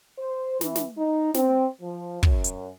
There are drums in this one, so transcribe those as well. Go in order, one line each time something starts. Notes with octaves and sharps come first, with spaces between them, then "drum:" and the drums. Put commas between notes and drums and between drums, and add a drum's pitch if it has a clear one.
C5
E3, drum: snare
drum: snare
D#4
C4, drum: snare
F3
F#2, drum: kick
drum: hi-hat